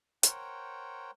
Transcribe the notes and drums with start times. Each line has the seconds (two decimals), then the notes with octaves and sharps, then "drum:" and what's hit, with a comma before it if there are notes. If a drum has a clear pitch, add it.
0.23 A#4 C5 C#5 F#5 G5, drum: hi-hat